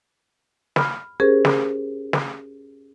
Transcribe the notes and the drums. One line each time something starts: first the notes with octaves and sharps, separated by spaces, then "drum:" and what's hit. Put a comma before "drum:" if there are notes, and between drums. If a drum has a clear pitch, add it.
B5 F6, drum: snare
C#4 G4 G#4 A#4 C5
drum: snare
drum: snare